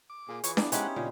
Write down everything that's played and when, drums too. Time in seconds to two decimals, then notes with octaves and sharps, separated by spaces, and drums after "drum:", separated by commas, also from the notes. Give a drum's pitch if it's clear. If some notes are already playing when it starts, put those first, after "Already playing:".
0.10 D6
0.28 A#2 G#4
0.44 E3 F4 C#5 C#6, drum: hi-hat
0.57 B3 D4 E4 F5, drum: snare D4
0.72 G#3 C4 C#4 D#4 E4 G4 F#5, drum: hi-hat
0.96 A#2 C#3